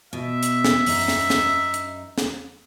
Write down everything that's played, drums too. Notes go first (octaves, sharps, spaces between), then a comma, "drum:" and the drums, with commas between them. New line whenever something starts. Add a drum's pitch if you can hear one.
B2 E5
drum: hi-hat
drum: snare
F#2 D#4, drum: open hi-hat
drum: snare
drum: snare
drum: hi-hat
drum: snare